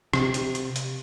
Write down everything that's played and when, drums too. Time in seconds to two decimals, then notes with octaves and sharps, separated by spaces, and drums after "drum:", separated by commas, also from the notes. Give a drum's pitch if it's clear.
0.13 C3, drum: rim click
0.34 drum: hi-hat
0.55 drum: hi-hat
0.76 drum: hi-hat